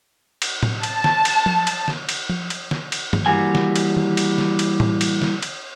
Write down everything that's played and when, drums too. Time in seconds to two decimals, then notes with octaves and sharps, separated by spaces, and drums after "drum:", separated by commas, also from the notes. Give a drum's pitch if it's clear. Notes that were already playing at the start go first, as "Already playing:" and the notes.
0.42 drum: cymbal
0.63 drum: tom A2
0.83 A5, drum: cymbal
1.04 drum: snare
1.25 drum: cymbal
1.46 drum: tom F3
1.67 drum: cymbal
1.88 drum: snare
2.09 drum: cymbal
2.29 drum: tom F3
2.50 drum: cymbal
2.71 drum: snare
2.92 drum: cymbal
3.13 drum: tom
3.26 E3 G3 A#3 F#4 G#5
3.55 drum: snare
3.76 drum: cymbal
3.96 drum: tom D#3
4.17 drum: cymbal
4.38 drum: snare
4.59 drum: cymbal
4.80 drum: tom A2
5.01 drum: cymbal
5.22 drum: snare
5.43 drum: cymbal